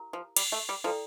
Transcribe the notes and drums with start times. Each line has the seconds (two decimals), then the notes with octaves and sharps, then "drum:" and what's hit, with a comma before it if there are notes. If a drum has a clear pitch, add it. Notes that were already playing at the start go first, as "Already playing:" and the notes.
Already playing: E4 G4 A#4 F5 A#5
0.13 F3
0.36 G3, drum: cymbal
0.52 A3
0.69 G3
0.84 F3 E4 A4 D5 G5